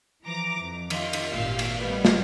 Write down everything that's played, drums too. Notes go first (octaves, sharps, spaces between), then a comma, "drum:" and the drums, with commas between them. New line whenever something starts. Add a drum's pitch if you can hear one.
E3 F3 A#5 D6 A#6
F2
D#3 F4, drum: cymbal
drum: cymbal
G#1 A#2 G4 F5 E6 C7
drum: cymbal
A2 D#3 G3 B3
drum: snare